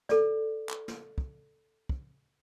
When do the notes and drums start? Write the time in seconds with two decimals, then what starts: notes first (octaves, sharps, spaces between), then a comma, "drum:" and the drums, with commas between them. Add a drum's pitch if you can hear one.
0.09 A4 D5, drum: snare
0.69 drum: clap
0.88 drum: snare
1.18 drum: kick
1.89 drum: kick